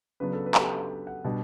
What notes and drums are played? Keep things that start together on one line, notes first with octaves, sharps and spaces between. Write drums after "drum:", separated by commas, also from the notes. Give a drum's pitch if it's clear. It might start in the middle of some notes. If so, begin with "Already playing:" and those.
C#3 F#3 B3 D4 B4
A4
B4
A4, drum: clap
G4
A4
F#5
B2 G3 D4